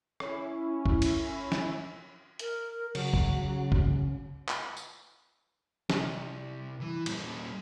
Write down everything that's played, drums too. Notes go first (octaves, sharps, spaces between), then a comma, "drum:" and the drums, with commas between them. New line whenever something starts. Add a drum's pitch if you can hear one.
C#4 E4, drum: rim click
drum: kick
drum: cymbal
drum: snare
A#4, drum: hi-hat
C#3 F#3, drum: cymbal
drum: kick
drum: kick
drum: clap
drum: tambourine
C2, drum: snare
E3
A#2 G3, drum: cymbal